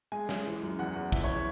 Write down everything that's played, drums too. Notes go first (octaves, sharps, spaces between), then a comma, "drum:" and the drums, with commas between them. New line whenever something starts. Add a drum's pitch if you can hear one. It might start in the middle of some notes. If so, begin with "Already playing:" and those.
G#3 G#5
G#3, drum: snare
E3
F#2
E2 F#5
E2
E3 E5, drum: kick
C#5
E3
E5